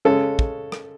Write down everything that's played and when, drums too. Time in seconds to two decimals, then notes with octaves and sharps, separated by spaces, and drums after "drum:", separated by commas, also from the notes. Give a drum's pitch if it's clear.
0.05 C#3 G#3 C#4 A4
0.39 drum: kick
0.72 drum: rim click